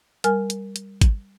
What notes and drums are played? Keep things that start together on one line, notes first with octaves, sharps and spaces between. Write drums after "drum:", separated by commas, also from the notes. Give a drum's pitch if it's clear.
G3 A#4 G#5 F6, drum: hi-hat
drum: hi-hat
drum: hi-hat
drum: kick G#1, hi-hat